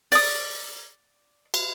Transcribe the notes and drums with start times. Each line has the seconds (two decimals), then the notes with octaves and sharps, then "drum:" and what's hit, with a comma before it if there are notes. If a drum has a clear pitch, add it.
0.12 D5 D#6, drum: open hi-hat
1.54 drum: cymbal